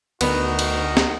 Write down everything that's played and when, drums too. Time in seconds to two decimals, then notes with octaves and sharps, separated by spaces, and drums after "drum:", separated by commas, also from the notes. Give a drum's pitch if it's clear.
0.21 D2 D#3 B3 F#4, drum: cymbal
0.59 drum: cymbal
0.97 drum: snare